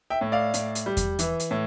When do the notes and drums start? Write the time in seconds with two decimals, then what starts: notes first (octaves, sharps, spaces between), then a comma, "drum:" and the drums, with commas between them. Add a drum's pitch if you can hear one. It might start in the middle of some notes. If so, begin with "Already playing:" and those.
0.10 E5 G5
0.21 A2
0.32 D5 F5
0.54 A2, drum: hi-hat
0.75 drum: hi-hat
0.86 G3
0.97 drum: kick E2, hi-hat
1.19 E3, drum: hi-hat
1.40 drum: hi-hat
1.51 A2